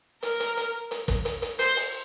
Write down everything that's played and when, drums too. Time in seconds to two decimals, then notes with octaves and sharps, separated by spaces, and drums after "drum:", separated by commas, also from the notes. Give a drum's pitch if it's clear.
0.23 A#4, drum: hi-hat
0.40 drum: hi-hat
0.57 drum: hi-hat
0.91 drum: hi-hat
1.08 drum: kick, hi-hat
1.25 drum: hi-hat
1.42 drum: hi-hat
1.59 C5, drum: hi-hat
1.76 drum: open hi-hat